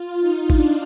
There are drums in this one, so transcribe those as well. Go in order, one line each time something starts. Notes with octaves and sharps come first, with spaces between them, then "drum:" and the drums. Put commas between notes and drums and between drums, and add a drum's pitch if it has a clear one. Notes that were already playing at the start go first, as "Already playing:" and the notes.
Already playing: F4
D#4
D4, drum: kick